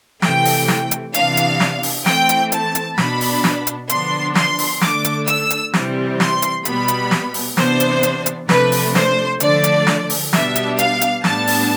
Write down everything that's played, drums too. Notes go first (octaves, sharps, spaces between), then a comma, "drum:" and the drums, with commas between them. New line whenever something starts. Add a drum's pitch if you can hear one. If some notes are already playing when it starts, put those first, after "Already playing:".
C3 E3 A3 G5, drum: snare
drum: open hi-hat
drum: snare
drum: hi-hat
C3 E3 B3 D4 F5, drum: hi-hat
drum: hi-hat
drum: snare
drum: open hi-hat
E3 A3 C4 G5, drum: snare
drum: hi-hat
A5, drum: hi-hat
drum: hi-hat
B2 B3 D4 B5, drum: snare
drum: open hi-hat
drum: snare
drum: hi-hat
D3 F3 B3 D4 C6, drum: hi-hat
C6, drum: snare
drum: open hi-hat
D3 A3 D4 D6, drum: snare
drum: hi-hat
E6, drum: hi-hat
drum: hi-hat
C3 E3 G3 C4, drum: snare
C6, drum: snare
drum: hi-hat
B2 G3 B3 B5, drum: hi-hat
drum: hi-hat
drum: snare
drum: open hi-hat
C3 E3 B3 D4 C5, drum: snare
drum: hi-hat
drum: hi-hat
drum: hi-hat
C3 F3 A3 D4 B4, drum: snare
drum: open hi-hat
C5, drum: snare
D3 F3 A3 D4 D5, drum: hi-hat
drum: hi-hat
drum: snare
drum: open hi-hat
B2 G3 B3 D4 E5, drum: snare
drum: hi-hat
F5, drum: hi-hat
drum: hi-hat
A2 G3 B3 D4 A5, drum: snare
drum: open hi-hat